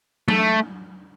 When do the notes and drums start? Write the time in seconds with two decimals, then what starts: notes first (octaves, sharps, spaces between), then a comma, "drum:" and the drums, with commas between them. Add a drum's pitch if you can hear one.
0.28 A3, drum: tom F#3